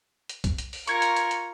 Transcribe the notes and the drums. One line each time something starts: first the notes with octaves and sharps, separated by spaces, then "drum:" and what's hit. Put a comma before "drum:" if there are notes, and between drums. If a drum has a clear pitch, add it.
drum: hi-hat
drum: kick C2, hi-hat
drum: hi-hat
drum: open hi-hat
F4 A#4 C#6 G#6 C#7, drum: hi-hat
drum: hi-hat
drum: hi-hat
drum: hi-hat